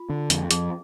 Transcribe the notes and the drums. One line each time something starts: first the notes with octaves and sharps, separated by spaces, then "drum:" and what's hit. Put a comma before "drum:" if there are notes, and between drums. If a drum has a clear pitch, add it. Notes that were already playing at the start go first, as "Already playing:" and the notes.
Already playing: F4
D3
F2, drum: hi-hat
F2 G#4, drum: hi-hat